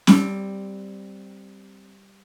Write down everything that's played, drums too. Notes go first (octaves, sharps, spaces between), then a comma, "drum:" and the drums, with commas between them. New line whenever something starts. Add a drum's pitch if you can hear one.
G3 C4, drum: snare C#4